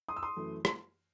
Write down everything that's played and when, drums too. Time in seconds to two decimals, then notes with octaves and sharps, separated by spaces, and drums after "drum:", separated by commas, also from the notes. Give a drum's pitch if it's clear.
0.08 C6 D#6
0.16 E6
0.23 C6 D#6
0.36 F#2 E3 A3
0.65 drum: rim click